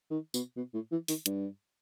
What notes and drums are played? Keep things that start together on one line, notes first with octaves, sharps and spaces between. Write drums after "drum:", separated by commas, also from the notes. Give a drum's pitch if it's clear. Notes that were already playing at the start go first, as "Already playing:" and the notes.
D#3
B2, drum: tambourine
B2
A2
E3
D#3, drum: open hi-hat
G2, drum: hi-hat